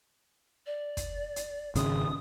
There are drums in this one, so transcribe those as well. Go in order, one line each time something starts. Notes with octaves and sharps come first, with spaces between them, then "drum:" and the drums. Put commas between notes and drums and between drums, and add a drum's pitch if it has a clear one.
D5
drum: kick, hi-hat
drum: hi-hat
G#1 C#3 D#6, drum: hi-hat